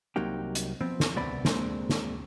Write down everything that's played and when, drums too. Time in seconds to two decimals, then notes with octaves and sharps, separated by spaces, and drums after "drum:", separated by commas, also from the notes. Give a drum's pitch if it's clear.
0.16 C2 C3 F#3 A#3 D#4 G4
0.55 drum: hi-hat
0.81 F3 B3 C4
1.00 drum: snare
1.16 C2 A3 B3 C4 D5 B5
1.45 G#3 A#3 C4 D4, drum: snare
1.89 drum: snare